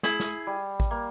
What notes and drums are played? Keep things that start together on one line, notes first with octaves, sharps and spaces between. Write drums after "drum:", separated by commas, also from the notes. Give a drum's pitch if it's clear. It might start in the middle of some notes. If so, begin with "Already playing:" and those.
E4 G#4, drum: snare
drum: snare
G3
drum: kick A1
A#3